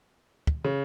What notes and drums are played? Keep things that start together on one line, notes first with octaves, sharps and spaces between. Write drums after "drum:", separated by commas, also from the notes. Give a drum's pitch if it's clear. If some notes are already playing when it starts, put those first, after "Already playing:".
drum: kick
C#3